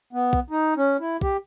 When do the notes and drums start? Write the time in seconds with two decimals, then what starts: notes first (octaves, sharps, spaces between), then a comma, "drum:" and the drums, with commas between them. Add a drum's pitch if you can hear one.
0.13 B3
0.33 drum: kick
0.50 D#4
0.77 C#4
1.00 E4
1.21 G4, drum: kick